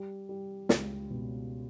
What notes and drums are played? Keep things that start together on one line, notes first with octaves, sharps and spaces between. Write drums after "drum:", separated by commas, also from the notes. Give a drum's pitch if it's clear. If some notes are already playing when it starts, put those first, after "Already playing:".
Already playing: G3
G3
C#2, drum: snare
B2